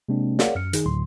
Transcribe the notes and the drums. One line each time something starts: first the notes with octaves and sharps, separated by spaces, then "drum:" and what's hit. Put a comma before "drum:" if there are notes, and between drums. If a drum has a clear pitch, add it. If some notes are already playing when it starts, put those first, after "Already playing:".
C3 G#3 A#3 C4 D4
G#4 A#4 C#5 D5 F5 F#5, drum: snare
F#2 F6 C#7
D#3 D#4 G#4, drum: hi-hat
D2 A2 D3 F#3 C6